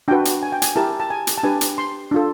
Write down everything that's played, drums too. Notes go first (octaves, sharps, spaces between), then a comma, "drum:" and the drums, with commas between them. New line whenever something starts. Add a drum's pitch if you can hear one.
D4 F#4 B4 G5
drum: hi-hat
G#5
G5
G#5, drum: hi-hat
E4 G4 A#4 A5
A5
G#5
drum: hi-hat
A5
D4 G4 B4 G#5
drum: hi-hat
C6
D4 F4 A4